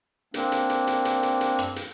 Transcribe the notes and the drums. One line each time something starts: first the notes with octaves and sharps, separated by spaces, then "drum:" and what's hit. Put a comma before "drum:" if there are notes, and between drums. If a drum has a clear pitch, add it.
A#3 C4 D4, drum: hi-hat
drum: hi-hat
drum: hi-hat
drum: hi-hat
drum: hi-hat
drum: hi-hat
drum: hi-hat
drum: rim click
drum: hi-hat